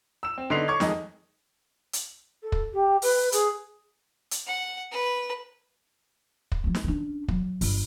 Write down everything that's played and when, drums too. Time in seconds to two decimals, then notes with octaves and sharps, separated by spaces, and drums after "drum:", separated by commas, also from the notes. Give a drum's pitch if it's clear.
0.23 E6 E7
0.38 C4
0.50 D3 B3 D#4 C6 C7 F7
0.68 C#5 C#6 D6 G#6
0.80 F2 D#3 G#3 D#5, drum: snare
1.93 drum: hi-hat
2.42 A4
2.52 drum: kick
2.73 G4
3.02 B4, drum: open hi-hat
3.32 G#4, drum: hi-hat
4.31 drum: hi-hat
4.47 F#5
4.92 B4
6.52 drum: kick
6.64 F3 F#3
6.75 drum: snare
6.84 C#4 D4
7.28 F#3, drum: kick
7.61 G1 F4, drum: open hi-hat